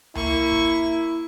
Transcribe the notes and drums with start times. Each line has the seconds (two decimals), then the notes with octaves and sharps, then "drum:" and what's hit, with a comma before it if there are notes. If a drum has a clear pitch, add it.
0.15 A#3 E4 C#6, drum: tom C#2
0.52 drum: kick